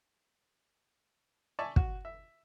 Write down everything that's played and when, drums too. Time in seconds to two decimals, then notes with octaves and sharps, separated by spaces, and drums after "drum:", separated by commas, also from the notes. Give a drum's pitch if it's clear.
1.59 D5 E5 G#5 A5 C#6
1.76 F#4, drum: kick
2.05 E5